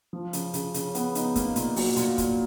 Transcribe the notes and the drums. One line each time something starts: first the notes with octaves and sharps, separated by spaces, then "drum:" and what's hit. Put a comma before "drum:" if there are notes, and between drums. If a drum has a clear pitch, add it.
F3
C#3, drum: hi-hat
C#3, drum: hi-hat
C#3, drum: hi-hat
B3, drum: hi-hat
D#4, drum: hi-hat
A#3, drum: kick, hi-hat
A#2, drum: hi-hat
F#3, drum: open hi-hat
A#2, drum: hi-hat
A#2, drum: kick, hi-hat